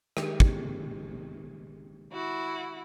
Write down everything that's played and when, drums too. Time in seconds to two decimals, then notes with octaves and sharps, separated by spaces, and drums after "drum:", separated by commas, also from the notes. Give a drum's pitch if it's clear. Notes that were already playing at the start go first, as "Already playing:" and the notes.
0.17 D#3 G#3 G4, drum: rim click
0.40 drum: kick
2.13 E4 F#4